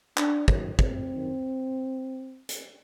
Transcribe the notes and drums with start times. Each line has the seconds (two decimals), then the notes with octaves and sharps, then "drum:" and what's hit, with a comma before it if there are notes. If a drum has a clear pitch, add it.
0.17 D4, drum: clap
0.48 F#2 D#3, drum: kick
0.79 C4, drum: kick
1.09 F#2 D#3
2.49 drum: hi-hat